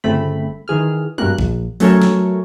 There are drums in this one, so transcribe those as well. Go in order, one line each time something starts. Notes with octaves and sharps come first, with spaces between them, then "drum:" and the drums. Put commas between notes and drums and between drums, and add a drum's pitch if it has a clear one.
G1 C#3 A3 C4 B5
D#3 E3 G#4 F6
G2 B2 G3 A#4 F#6, drum: tom F#3
A#1, drum: kick G#1
F#3 A3 C#4 A4 A#4 C#5, drum: open hi-hat
drum: snare